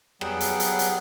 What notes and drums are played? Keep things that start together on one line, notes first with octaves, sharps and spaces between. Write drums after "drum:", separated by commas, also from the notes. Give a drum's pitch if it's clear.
F#3 G3 B3 G#4 F#5 G5, drum: rim click
drum: hi-hat
drum: hi-hat
drum: hi-hat